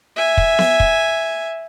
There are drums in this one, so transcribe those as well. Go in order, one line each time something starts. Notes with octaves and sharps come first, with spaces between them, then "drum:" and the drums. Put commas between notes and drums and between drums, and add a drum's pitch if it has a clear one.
E5 G#5
drum: kick
drum: snare B3
drum: kick